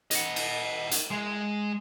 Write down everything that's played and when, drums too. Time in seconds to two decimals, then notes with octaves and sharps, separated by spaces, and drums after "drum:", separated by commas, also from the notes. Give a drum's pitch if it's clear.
0.11 D#5 F#5, drum: hi-hat
0.36 drum: cymbal
0.91 drum: hi-hat
1.11 G#3